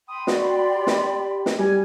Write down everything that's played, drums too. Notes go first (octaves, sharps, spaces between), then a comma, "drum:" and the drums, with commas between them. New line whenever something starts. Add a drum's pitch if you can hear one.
G5 B5 C6 D#6
F#4 D5, drum: snare
G4
drum: snare
drum: snare
G3 G#5